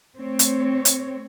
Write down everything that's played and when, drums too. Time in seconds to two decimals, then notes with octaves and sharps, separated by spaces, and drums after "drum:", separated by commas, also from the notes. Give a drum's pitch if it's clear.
0.16 A3 C4 C#5
0.39 drum: hi-hat
0.85 drum: hi-hat